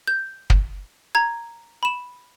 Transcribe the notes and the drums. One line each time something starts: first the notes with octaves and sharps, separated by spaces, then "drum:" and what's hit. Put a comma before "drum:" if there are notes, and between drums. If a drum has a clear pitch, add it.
G6
drum: kick
A#5 G#6
B5 E7